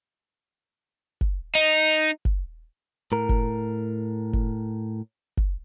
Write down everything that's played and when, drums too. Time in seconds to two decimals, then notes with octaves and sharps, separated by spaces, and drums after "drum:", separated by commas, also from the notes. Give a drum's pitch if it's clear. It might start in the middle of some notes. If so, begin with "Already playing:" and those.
1.21 drum: kick
1.55 D#4
2.25 drum: kick
3.12 A2 A#4
3.29 drum: kick
4.33 drum: kick
5.37 drum: kick